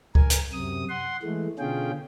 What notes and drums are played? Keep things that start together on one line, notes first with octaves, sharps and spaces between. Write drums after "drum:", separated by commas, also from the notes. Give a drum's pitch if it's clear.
A#4 G#5, drum: kick C#2
drum: hi-hat
F#2 C3 D#6
F#5 C6
E3 G#3 A3
B2 D3 C#4 F4 G#4 G5